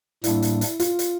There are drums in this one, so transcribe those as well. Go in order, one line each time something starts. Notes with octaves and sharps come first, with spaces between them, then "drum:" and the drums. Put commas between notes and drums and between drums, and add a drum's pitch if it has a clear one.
A2 G3 A#3 D4 E4, drum: hi-hat
drum: hi-hat
drum: hi-hat
F4, drum: hi-hat
drum: hi-hat